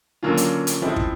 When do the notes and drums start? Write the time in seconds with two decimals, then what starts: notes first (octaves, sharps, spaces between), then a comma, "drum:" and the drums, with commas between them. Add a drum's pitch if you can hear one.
0.23 D3 F#3 A#3 C#4 F4
0.37 drum: hi-hat
0.67 drum: hi-hat
0.82 F3 G#3 C4 E4 A4
0.96 drum: kick